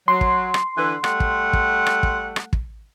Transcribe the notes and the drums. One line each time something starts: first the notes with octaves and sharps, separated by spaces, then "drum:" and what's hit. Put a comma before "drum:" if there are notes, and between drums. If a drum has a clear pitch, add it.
F#3 C6
drum: kick
drum: rim click
D3 E3 B4
G3 A3 F#5, drum: rim click
drum: kick
drum: kick
drum: rim click
drum: kick
drum: rim click
drum: kick